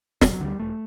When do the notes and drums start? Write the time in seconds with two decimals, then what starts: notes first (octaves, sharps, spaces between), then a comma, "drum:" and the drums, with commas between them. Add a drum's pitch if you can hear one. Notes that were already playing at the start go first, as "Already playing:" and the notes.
0.21 E1 G3, drum: snare
0.33 F#3
0.40 D2 D3 G3
0.60 E1 A3